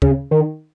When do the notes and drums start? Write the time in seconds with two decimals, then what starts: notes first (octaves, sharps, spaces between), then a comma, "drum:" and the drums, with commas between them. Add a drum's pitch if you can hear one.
0.02 C#3, drum: kick D2
0.31 D#3